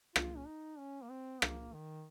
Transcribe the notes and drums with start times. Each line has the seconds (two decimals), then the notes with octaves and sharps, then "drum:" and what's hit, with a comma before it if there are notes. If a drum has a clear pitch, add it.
0.16 F4, drum: rim click
0.37 C#4
0.47 D#4
0.79 C#4
1.03 A#3
1.10 C4
1.42 A#3, drum: rim click
1.74 D#3